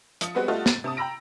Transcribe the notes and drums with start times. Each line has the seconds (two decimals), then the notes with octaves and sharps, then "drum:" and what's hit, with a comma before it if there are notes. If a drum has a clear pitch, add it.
0.21 F3 D#6 C#7, drum: hi-hat
0.35 G3 G#3 B3 C4 F#4 B4
0.48 G3 A3 F4 F#4 A4 D#5
0.66 A6, drum: snare
0.84 C3 A5 D#6
0.97 G5 A#5 B5 E6 A#6 D7